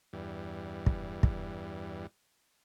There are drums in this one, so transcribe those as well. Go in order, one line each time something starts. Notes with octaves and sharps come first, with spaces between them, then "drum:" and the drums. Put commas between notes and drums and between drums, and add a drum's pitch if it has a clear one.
E2 G2
drum: kick
drum: kick